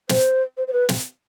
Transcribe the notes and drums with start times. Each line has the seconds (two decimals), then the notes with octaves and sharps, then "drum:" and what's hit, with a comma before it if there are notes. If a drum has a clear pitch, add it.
0.09 C5, drum: snare
0.57 C5
0.67 C5
0.73 B4
0.89 drum: snare